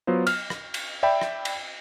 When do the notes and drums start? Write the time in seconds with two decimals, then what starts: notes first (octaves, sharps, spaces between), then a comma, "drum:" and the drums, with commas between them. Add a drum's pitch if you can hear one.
0.07 F#3 B3 F4 C5
0.27 F6, drum: cymbal
0.50 drum: rim click
0.74 drum: cymbal
1.03 D5 E5 G5 B5
1.21 drum: rim click
1.45 drum: cymbal